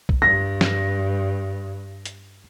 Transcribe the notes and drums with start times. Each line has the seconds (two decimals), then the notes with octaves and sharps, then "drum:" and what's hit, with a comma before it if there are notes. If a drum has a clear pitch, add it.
0.09 drum: kick
0.22 G2 A#6
0.61 drum: snare
2.05 drum: hi-hat